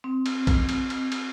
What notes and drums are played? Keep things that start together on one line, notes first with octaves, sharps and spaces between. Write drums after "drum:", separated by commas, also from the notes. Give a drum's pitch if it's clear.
C4
drum: cymbal
drum: kick A#1, cymbal
drum: cymbal
drum: cymbal
drum: cymbal